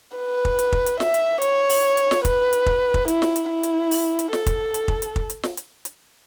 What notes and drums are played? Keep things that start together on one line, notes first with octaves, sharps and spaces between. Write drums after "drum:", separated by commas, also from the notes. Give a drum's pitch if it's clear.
B4
drum: kick
drum: hi-hat
drum: kick
drum: hi-hat
E5, drum: snare
drum: hi-hat
C#5, drum: hi-hat
drum: open hi-hat
drum: hi-hat
drum: snare
B4, drum: kick, hi-hat
drum: hi-hat
drum: kick
drum: kick
E4, drum: hi-hat
drum: snare
drum: hi-hat
E4
drum: hi-hat
drum: open hi-hat
drum: hi-hat
A4, drum: snare
drum: kick, hi-hat
drum: hi-hat
drum: kick
drum: hi-hat
drum: kick
drum: hi-hat
drum: snare
drum: hi-hat
drum: hi-hat